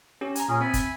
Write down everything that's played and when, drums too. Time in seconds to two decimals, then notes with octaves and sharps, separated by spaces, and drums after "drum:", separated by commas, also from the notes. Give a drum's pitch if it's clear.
0.21 C#4 G4
0.35 G#5 A#5, drum: hi-hat
0.49 A#2 C#4 G#4 A#4
0.61 C4 E5 G#5 B5
0.73 drum: kick, hi-hat